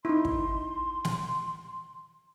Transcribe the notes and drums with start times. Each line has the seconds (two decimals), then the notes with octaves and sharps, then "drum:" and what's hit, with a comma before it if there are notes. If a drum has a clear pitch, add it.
0.05 D#4 E4 C6
0.25 drum: kick
1.05 drum: snare